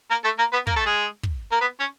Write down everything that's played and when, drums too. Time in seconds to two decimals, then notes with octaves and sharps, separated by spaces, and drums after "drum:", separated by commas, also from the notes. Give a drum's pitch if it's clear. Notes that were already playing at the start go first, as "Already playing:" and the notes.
0.11 A#3 A#4
0.24 A3 A4
0.39 A#3 A#4
0.53 B3 B4
0.67 A#3 A#4, drum: kick
0.76 A3 A4
0.86 G#3 G#4
1.23 drum: kick
1.52 A#3 A#4
1.61 B3 B4
1.80 C#4 C#5